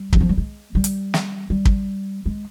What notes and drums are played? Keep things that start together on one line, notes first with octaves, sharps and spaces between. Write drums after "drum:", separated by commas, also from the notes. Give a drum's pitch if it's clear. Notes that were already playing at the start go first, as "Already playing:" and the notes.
Already playing: G3
E3, drum: kick
F3
G3
G#3
G3
drum: hi-hat
drum: snare
G3
drum: kick
G#3